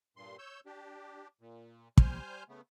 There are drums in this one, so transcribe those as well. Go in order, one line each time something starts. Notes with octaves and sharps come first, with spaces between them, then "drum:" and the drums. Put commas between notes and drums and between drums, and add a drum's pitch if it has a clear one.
G2 A#2 C6
C#5 E6 G6
D4 G4
A#2
G3 C5 G#5 F6 G6, drum: kick
C#3 A3 B3